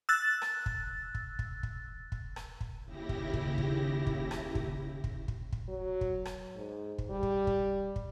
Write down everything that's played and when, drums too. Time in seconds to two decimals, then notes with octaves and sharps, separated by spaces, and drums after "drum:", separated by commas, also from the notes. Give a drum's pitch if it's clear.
0.09 E6 F#6 A6
0.42 drum: rim click
0.66 drum: kick
1.15 drum: kick
1.39 drum: kick
1.63 drum: kick
2.12 drum: kick
2.36 drum: rim click
2.61 drum: kick
2.85 D#2 C#3 E4 G4 A#6
3.09 drum: kick
3.34 drum: kick
3.58 drum: kick
4.07 drum: kick
4.31 drum: rim click
4.55 drum: kick
5.04 drum: kick
5.28 drum: kick
5.52 drum: kick
5.69 F#3
6.01 drum: kick
6.25 drum: rim click
6.56 G#2
6.98 drum: kick
7.10 G3
7.23 drum: kick
7.47 drum: kick
7.96 drum: kick